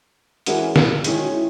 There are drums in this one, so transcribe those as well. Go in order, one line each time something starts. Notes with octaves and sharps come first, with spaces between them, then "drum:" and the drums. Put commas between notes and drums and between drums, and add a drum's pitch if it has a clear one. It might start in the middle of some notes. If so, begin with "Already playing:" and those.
E3 G#3 C#4 F#4 A#4, drum: hi-hat
drum: snare
D#3 G#3 C#4 E4 G#4 C#5, drum: hi-hat
F#4
E4